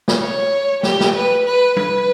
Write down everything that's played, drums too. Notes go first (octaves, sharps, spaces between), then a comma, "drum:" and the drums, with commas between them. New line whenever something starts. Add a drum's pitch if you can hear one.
drum: snare
C#5
G4, drum: snare
drum: snare
B4
B4
B4, drum: tom